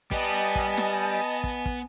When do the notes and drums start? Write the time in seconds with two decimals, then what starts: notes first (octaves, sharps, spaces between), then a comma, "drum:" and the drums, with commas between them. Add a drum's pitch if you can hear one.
0.11 G3 B3 D#5 G#5 A5, drum: kick
0.55 drum: kick
0.78 drum: snare
1.44 drum: kick
1.66 drum: kick